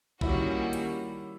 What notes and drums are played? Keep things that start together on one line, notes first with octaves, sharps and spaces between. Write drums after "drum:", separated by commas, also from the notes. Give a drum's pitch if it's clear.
D#3 G3 A#3 C#4 E4 F#4, drum: kick
drum: hi-hat